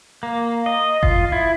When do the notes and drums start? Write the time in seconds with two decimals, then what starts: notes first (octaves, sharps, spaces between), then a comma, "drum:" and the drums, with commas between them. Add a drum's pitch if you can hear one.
0.23 A#3
0.66 D#5
1.03 F4, drum: kick F#1
1.32 E4